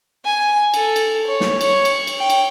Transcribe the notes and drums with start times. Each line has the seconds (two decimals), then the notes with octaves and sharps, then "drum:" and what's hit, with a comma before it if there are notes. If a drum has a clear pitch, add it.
0.25 G#5
0.74 A4, drum: cymbal
0.96 drum: cymbal
1.27 C#5
1.40 drum: snare
1.61 C#5, drum: cymbal
1.85 drum: cymbal
2.07 drum: cymbal
2.19 G5
2.30 drum: cymbal